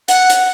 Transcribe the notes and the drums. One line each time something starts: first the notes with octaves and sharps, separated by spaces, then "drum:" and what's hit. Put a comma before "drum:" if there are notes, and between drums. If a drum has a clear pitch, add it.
F#5, drum: hi-hat
drum: hi-hat